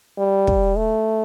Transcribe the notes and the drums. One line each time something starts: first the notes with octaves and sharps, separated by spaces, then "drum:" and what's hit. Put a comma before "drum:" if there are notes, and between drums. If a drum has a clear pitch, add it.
G3
drum: kick
A3